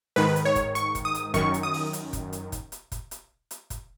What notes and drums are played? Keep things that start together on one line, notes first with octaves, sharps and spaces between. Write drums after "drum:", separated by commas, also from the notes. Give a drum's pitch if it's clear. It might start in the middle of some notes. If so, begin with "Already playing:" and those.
G#2 D#3 B4, drum: open hi-hat
drum: hi-hat
C#5
drum: kick, hi-hat
C#6, drum: hi-hat
drum: kick, hi-hat
D#6
drum: hi-hat
F#2 D#3 C#6, drum: kick, hi-hat
drum: hi-hat
D#6
drum: open hi-hat
drum: hi-hat
drum: kick, hi-hat
drum: hi-hat
drum: kick, hi-hat
drum: hi-hat
drum: kick, hi-hat
drum: hi-hat
drum: hi-hat
drum: kick, hi-hat